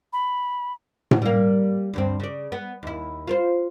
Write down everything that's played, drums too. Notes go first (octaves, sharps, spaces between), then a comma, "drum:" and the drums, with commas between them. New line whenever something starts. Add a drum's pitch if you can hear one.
B5
drum: tom A2
G3 A#3
D2 G2 C4
C#3 D5
B3
D#2 E4
F4 A#4 C5